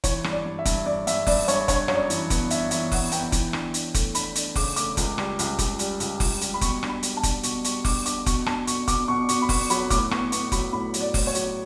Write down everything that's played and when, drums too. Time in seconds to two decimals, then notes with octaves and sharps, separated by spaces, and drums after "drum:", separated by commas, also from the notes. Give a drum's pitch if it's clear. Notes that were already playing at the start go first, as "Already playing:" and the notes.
0.04 E3 C#5, drum: kick F1, hi-hat
0.24 G2, drum: rim click
0.31 D5
0.46 G2
0.59 E5
0.65 G2, drum: kick F1, hi-hat
0.86 G2 D5
1.07 G2 E5, drum: hi-hat
1.27 G2 D5, drum: kick F1, open hi-hat
1.48 G2 C#5, drum: hi-hat
1.68 D4 C#5, drum: kick F1, hi-hat
1.88 F#2 C#5, drum: rim click
1.95 D5
2.10 E3, drum: hi-hat
2.30 B3, drum: kick F1, hi-hat
2.50 D4 E5, drum: hi-hat
2.71 E3 E5, drum: hi-hat
2.92 B3 F#5, drum: kick F1, open hi-hat
3.12 B3 G5, drum: hi-hat
3.32 E3, drum: kick F1, hi-hat
3.53 D4, drum: rim click
3.74 D4, drum: hi-hat
3.94 A3, drum: kick F1, hi-hat
4.15 D4 B5, drum: hi-hat
4.35 D4, drum: hi-hat
4.56 C#3 D6, drum: kick F1, open hi-hat
4.76 A3 D6, drum: hi-hat
4.97 C#2, drum: kick F1, hi-hat
5.18 G3, drum: rim click
5.39 C#2, drum: hi-hat
5.59 C#2, drum: kick F1, hi-hat
5.79 G3, drum: hi-hat
6.00 C#2, drum: hi-hat
6.20 C#2, drum: kick F1, open hi-hat
6.41 G3, drum: hi-hat
6.54 B5
6.61 B2 C#6, drum: kick F1, hi-hat
6.83 D4, drum: rim click
6.89 B5
7.03 G3, drum: hi-hat
7.17 A5
7.23 D4, drum: kick F1, hi-hat
7.43 B2 C#6, drum: hi-hat
7.64 G3 C#6, drum: hi-hat
7.85 D4 D6, drum: kick F1, open hi-hat
8.06 D4 D6, drum: hi-hat
8.26 B2 C#6, drum: kick F1, hi-hat
8.46 D4 A5, drum: rim click
8.67 B2 C#6, drum: hi-hat
8.88 B2 D6, drum: kick F1, hi-hat
9.08 B2 C#6
9.29 B2 C#6, drum: hi-hat
9.42 B5
9.49 B3 C#6, drum: kick F1, open hi-hat
9.70 F#3 B5, drum: hi-hat
9.90 A2 D6, drum: kick F1, hi-hat
10.11 B3 C#6, drum: rim click
10.32 B3 C#6, drum: hi-hat
10.52 F#3 B5, drum: kick F1, hi-hat
10.73 A2 B5
10.94 F#3, drum: hi-hat
11.01 D5
11.14 A2, drum: kick F1, open hi-hat
11.27 C#5
11.35 F#3, drum: hi-hat